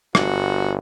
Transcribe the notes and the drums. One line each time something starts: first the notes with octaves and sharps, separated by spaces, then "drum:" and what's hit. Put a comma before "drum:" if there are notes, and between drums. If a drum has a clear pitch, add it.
G1 F#4, drum: rim click